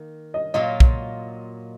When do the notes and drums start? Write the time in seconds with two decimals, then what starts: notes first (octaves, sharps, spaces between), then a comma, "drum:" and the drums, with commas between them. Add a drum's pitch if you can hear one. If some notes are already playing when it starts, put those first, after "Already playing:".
Already playing: D#3 A#3
0.34 D#5
0.54 A#2 F#3 A#3 F4 D#5
0.80 drum: kick